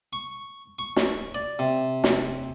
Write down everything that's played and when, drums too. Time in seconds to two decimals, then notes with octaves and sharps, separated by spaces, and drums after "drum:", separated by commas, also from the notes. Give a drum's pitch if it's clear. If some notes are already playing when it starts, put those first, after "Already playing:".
0.13 C#6
0.79 C#6
0.96 drum: snare
1.35 D5
1.59 C3
2.04 drum: snare